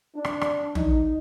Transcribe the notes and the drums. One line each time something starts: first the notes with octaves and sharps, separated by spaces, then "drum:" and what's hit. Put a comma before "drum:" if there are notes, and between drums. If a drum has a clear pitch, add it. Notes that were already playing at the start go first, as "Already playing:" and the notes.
D4
drum: rim click
drum: rim click
D#4, drum: tom